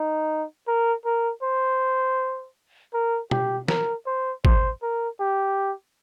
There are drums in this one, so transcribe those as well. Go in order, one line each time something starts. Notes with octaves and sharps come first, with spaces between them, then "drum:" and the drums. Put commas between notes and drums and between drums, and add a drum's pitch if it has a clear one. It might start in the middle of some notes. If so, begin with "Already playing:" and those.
Already playing: D#4
A#4
A#4
C5
A#4
G4, drum: tom B2
A#4, drum: snare
C5
C5, drum: kick G#1
A#4
G4